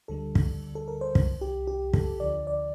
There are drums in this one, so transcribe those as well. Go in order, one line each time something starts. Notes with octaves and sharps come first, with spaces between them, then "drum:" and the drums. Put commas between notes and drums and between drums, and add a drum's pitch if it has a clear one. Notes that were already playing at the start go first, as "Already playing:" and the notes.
D2 D3 G3 A4
drum: kick
A4
A#4
C5
C2 C3 D#3, drum: kick
G4
G4
A4, drum: kick
D2 D3 F3 D5
D5